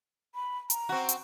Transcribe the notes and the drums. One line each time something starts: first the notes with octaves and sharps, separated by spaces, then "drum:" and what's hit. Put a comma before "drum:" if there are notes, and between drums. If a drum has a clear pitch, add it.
B5
A#5, drum: hi-hat
C4 F#4
drum: hi-hat